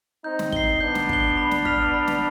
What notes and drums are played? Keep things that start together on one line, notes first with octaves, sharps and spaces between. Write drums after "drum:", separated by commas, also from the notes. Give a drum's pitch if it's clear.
C4 D#4 G6
drum: snare
C7 G7, drum: kick
B3 D4 G6
drum: snare
C7 G7, drum: kick
B5
drum: snare
F6 B6 F7, drum: kick
B5
drum: snare